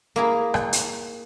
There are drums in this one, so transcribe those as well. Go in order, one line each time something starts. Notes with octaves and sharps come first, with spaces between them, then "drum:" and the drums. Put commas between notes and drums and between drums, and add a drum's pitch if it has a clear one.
A#3 E4 G#4
drum: rim click
drum: hi-hat